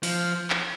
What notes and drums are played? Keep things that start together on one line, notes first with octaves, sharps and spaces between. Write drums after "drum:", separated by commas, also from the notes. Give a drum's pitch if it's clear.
F3, drum: open hi-hat
drum: clap